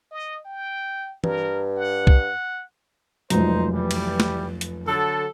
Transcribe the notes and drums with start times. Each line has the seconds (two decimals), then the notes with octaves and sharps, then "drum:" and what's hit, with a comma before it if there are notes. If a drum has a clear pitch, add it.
0.11 D#5
0.45 G5
1.24 G2 A#4, drum: tom E3
1.77 F#5
2.07 drum: kick
3.30 F1 C#2 F#2 D#4 C5, drum: hi-hat
3.72 E3 G3
3.91 drum: cymbal
4.20 drum: snare
4.61 drum: hi-hat
4.86 D3 F#3 A4